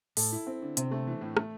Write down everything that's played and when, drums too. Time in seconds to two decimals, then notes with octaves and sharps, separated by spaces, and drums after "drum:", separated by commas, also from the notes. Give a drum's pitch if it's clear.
0.17 A2 A4, drum: open hi-hat
0.32 E4
0.47 C4
0.62 D3
0.77 C3 C4, drum: hi-hat
0.91 A3
1.07 E3
1.21 A2
1.37 A3, drum: rim click